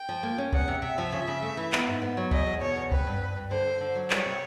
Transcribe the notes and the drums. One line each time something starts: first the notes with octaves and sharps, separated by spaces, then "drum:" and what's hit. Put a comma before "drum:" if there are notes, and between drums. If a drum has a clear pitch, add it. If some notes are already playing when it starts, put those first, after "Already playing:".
Already playing: G5
F3
A#3
C#4
E2 F#5, drum: kick C#2
C3
C3 E5
F3
C#3
C#3
A3
E3
B3, drum: clap
G#2
B3
F#3
E2 D#5, drum: kick C#2
E2
B2 C#5
E2
C4 B4, drum: kick C#2
G2
G2
G2
D3 C5
D3
D3
F#3
G3 C#5, drum: clap
C3